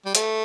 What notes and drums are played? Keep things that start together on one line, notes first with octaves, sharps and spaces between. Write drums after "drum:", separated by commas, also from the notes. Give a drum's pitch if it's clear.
G3
A3, drum: hi-hat